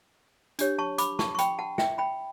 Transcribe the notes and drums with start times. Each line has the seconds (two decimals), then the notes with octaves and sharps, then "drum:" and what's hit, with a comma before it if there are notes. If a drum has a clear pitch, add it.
0.59 D4 G4 C#5, drum: hi-hat
0.79 A5 C#6
0.98 B5 D6, drum: hi-hat
1.19 A5 C#6, drum: snare
1.35 C#6
1.38 G5 B5, drum: hi-hat
1.59 F#5 A5
1.78 E5 G5, drum: snare
1.98 G5 B5